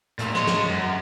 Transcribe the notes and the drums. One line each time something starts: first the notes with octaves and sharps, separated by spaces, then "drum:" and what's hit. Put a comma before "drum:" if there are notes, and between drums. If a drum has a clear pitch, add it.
A#2 A3, drum: hi-hat
G#3 C#5, drum: snare
drum: snare
F#2